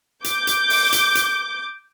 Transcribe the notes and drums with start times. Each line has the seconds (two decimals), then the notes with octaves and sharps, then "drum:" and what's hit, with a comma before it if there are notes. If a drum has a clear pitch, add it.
0.24 D6 G6, drum: hi-hat
0.47 drum: hi-hat
0.70 drum: open hi-hat
0.93 drum: hi-hat
1.15 drum: hi-hat